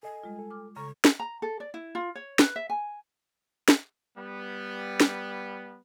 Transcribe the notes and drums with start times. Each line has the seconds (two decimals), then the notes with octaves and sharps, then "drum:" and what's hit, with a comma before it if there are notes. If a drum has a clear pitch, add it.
0.03 A4 D#5 G#5
0.24 G3 G#3 F4
0.39 A4
0.50 D6 F6
0.76 C#3 A4 A#5 C#6
1.05 drum: snare
1.20 A#5
1.42 A4
1.60 D5
1.74 E4
1.95 F4
2.15 C#5
2.39 B4, drum: snare
2.56 E5
2.70 G#5
3.68 drum: snare
4.17 G3 B3
5.00 drum: snare